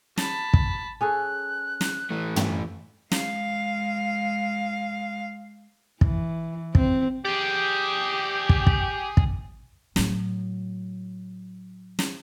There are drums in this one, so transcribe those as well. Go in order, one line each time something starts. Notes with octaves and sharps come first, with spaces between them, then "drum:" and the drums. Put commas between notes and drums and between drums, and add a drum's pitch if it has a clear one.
A5 B5, drum: snare
drum: kick
C#4 G#4 A4 F#6
drum: snare
E3 A3
drum: tom
G#3 F5, drum: snare
E3, drum: kick
C4, drum: kick
G4 G#4 D5
drum: kick
drum: kick
drum: kick
A2 F#3, drum: snare
drum: snare